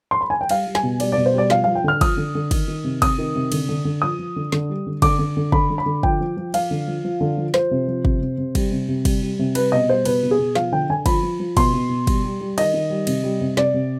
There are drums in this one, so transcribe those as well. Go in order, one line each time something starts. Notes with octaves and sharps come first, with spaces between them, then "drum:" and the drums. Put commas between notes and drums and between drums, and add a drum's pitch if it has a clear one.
C6
B5
G#5
G5
G3 F5, drum: cymbal
G3
G#5, drum: snare
B2
G3 D5, drum: cymbal
D5
B2
C5
G3 D5
F3 F5, drum: snare
F3 F5
G5
D3 F6
F3 D#6, drum: kick, cymbal
D3
D3
D#3, drum: kick, cymbal
D#3
C3
C3 D#6, drum: kick, cymbal
D#3
C3
D3, drum: cymbal
D3
D3
F3 D#6
F3
D3
D3, drum: snare
G3
D3
D3 D6, drum: kick, cymbal
D3
D3
D3 B5, drum: kick
D3
B5
D3
F3 G5, drum: kick
F3
F3
F3 F5, drum: cymbal
D3
F3
F3
D3
F3
F3 C5, drum: snare
C3
F3
C3, drum: kick
C3
C3
G3, drum: kick, cymbal
C3
C3
G3, drum: kick, cymbal
G3
C3
G3 B4, drum: cymbal
B2 D#5
G3 C5
B2 B4, drum: cymbal
B2
G#4
B2
F3 F5, drum: snare
D3 G5
D3 G#5
F3 B5, drum: kick, cymbal
F3
F3
B2 C6, drum: kick, cymbal
B2
B2
G3, drum: kick, cymbal
G3
G3
D#3 D#5, drum: cymbal
D#3
G3
C3, drum: cymbal
G3
C3
C3 D5, drum: snare
C3